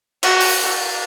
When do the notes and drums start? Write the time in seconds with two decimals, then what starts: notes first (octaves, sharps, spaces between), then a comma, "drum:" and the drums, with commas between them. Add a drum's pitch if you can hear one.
0.23 F#4, drum: cymbal
0.41 drum: open hi-hat